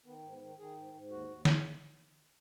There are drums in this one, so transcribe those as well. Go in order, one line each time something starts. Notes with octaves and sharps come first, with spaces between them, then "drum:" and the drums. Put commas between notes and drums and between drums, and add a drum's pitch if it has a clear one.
D#3 B3
G#2
B3
D#3
D#3 G#4
G#2
G#2
D#2 F#4
D#2
C#3, drum: snare